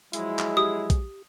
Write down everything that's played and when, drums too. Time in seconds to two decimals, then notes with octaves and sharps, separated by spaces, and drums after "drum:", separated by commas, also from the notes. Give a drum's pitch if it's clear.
0.13 F3 F#3 G#3 E4, drum: hi-hat
0.39 drum: clap
0.57 G4 D#6
0.90 drum: kick A#1, hi-hat